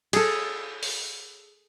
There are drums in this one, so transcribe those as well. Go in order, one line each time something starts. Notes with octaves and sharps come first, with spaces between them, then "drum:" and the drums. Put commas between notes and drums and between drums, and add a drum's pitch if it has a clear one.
G#4 A4, drum: cymbal
drum: open hi-hat